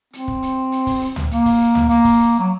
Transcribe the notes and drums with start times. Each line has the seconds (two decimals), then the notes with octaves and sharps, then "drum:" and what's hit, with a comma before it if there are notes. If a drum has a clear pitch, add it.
0.13 C4, drum: hi-hat
0.28 drum: kick
0.42 drum: hi-hat
0.72 drum: hi-hat
0.87 drum: kick, open hi-hat
1.01 drum: hi-hat
1.16 drum: tom C#2
1.31 A#3, drum: hi-hat
1.46 drum: kick, open hi-hat
1.60 drum: hi-hat
1.75 drum: tom C#2
1.89 A#3, drum: hi-hat
2.05 drum: kick, open hi-hat
2.19 drum: hi-hat
2.39 F#3